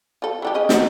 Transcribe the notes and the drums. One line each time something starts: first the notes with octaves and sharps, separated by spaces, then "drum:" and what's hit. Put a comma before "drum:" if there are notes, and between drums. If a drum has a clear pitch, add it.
F4 A4
E3 D4 G4
C#4 G#4 D#5
D#4 F#4, drum: snare